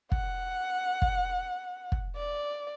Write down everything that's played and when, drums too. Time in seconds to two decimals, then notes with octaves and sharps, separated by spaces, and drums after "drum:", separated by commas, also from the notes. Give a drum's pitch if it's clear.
0.12 F#5, drum: kick
1.02 drum: kick
1.92 drum: kick
2.16 D5